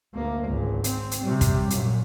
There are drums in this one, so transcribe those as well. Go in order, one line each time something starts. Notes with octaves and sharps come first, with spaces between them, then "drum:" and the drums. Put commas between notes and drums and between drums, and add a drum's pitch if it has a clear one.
D2 A#3
G#1 C#2
C4, drum: hi-hat
drum: hi-hat
C3 G3
drum: kick, hi-hat
F#2 A#2, drum: hi-hat